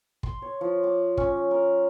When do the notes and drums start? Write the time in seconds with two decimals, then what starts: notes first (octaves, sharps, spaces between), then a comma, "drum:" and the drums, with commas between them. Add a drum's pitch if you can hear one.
0.23 C6, drum: kick
0.42 C#5
0.61 F3
0.84 D6
1.17 C#4, drum: kick
1.51 A#4